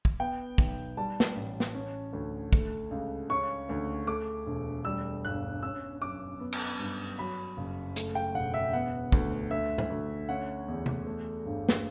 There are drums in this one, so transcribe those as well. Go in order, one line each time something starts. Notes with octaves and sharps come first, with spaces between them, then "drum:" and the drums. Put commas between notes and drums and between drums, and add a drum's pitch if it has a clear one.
drum: kick
B3 G5
B1, drum: kick
G3 A5
drum: snare
A1
drum: snare
C#4
D2
A3, drum: kick
C#2
C#4 C#6
D2
A3 D6
E1
G3 E6
G1 F#6
C#4 E6
F#2 D6
B3
drum: cymbal
G2
F#3 B5
F#1
A3, drum: hi-hat
G5
E1 F#5
E5
B3 F#5
D2, drum: kick
D2 E5
drum: tom
D2
C#4 F#5
E2
drum: tom C3
A3
G1
drum: snare